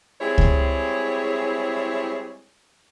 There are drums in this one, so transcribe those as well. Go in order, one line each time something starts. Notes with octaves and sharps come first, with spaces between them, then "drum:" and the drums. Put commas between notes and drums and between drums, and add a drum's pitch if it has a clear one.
G3 G#3 C4 E4 G#4 C#5
drum: kick C#2